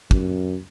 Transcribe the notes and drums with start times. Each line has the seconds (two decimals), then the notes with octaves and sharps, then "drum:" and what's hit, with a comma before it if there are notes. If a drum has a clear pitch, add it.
0.11 F#2, drum: kick